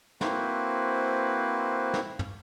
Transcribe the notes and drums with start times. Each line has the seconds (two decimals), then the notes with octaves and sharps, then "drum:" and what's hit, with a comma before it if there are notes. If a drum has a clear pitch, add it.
0.21 A#3 C4 E4 F#4 B4 C5, drum: snare
1.94 drum: snare
2.19 drum: tom